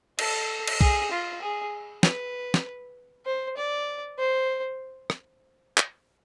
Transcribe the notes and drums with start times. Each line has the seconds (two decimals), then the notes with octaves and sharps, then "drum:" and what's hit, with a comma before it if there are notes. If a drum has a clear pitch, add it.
0.19 A4, drum: cymbal
0.68 drum: cymbal
0.81 G#4, drum: kick
1.11 F4
1.42 G#4
2.03 B4, drum: snare
2.54 drum: snare
3.26 C5
3.57 D5
4.19 C5
5.10 drum: rim click
5.78 drum: clap